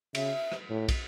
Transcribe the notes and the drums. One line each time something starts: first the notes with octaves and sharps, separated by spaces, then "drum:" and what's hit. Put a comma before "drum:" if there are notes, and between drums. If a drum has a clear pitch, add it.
C#3 E5, drum: cymbal
drum: rim click
A2
drum: kick, cymbal